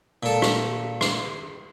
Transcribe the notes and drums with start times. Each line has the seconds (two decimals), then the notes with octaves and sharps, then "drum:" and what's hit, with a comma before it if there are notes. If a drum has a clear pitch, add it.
0.23 A#2 A4
0.42 drum: rim click
1.01 drum: rim click